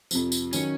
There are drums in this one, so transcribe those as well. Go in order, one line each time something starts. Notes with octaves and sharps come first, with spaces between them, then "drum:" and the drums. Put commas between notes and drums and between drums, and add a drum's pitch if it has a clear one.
F2 C3 F3, drum: tambourine
drum: tambourine
D#3 F#3 C#4, drum: tambourine